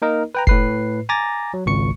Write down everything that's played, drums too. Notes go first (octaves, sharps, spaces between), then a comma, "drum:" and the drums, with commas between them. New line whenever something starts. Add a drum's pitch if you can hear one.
A#3 D#4 A#4 D#5
B4 G5 A#5
A2 B4 C7, drum: kick F1
G#5 A#5 D6 A6 A#6
F#3
G#1 C#2 C#6 C#7